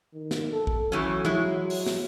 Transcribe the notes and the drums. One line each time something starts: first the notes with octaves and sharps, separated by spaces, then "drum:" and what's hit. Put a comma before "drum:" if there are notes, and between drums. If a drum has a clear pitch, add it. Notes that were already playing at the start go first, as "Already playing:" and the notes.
D#3
drum: snare
A4
drum: kick B1
E3 F#3 A3 C#4
G#3 E4, drum: tom E3
drum: open hi-hat
drum: snare